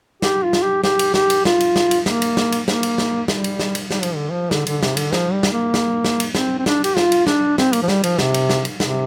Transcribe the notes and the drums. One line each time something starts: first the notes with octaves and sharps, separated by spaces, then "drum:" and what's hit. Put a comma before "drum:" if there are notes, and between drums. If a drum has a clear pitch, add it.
G4, drum: snare
F4
drum: snare
G4
G4, drum: snare
drum: cymbal
G4, drum: snare
drum: cymbal
F4, drum: snare
drum: cymbal
drum: snare
drum: cymbal
A#3, drum: snare
drum: cymbal
drum: snare
drum: cymbal
A#3, drum: snare
drum: cymbal
drum: snare
G3, drum: snare
drum: cymbal
drum: snare
drum: cymbal
G3, drum: snare
F3, drum: cymbal
D3
F3
D3, drum: snare
D3, drum: cymbal
C3, drum: snare
D3, drum: cymbal
F3, drum: snare
G3
drum: snare
A#3
drum: snare
drum: snare
drum: cymbal
C4, drum: snare
C4
D4, drum: snare
G4, drum: cymbal
F4, drum: snare
drum: cymbal
D4, drum: snare
C4, drum: snare
A#3, drum: cymbal
F3
G3, drum: snare
F3, drum: cymbal
C3, drum: snare
drum: cymbal
drum: snare
drum: cymbal
C3, drum: snare